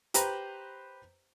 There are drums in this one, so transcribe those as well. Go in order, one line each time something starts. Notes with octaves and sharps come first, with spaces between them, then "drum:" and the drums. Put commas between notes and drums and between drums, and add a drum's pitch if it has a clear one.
G4 B4 C5 A#5, drum: hi-hat